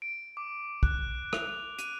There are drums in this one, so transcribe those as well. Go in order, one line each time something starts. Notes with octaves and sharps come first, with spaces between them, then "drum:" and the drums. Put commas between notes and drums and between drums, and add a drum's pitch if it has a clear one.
D7
D6
F#6, drum: kick
F7, drum: rim click
D#7, drum: hi-hat